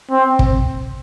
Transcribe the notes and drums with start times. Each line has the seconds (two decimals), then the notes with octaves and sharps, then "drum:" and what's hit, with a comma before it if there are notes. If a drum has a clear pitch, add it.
0.11 C4
0.39 drum: kick